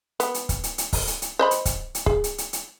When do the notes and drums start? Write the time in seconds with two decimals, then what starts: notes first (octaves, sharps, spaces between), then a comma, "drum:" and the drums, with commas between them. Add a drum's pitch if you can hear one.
0.20 B3, drum: hi-hat
0.34 drum: hi-hat
0.49 drum: kick, hi-hat
0.64 drum: hi-hat
0.78 drum: hi-hat
0.93 drum: kick, open hi-hat
1.07 drum: hi-hat
1.22 drum: hi-hat
1.39 C5 D#5 B5
1.51 drum: hi-hat
1.65 drum: kick, hi-hat
1.95 drum: hi-hat
2.06 G#4, drum: kick
2.24 drum: hi-hat
2.38 drum: hi-hat
2.53 drum: hi-hat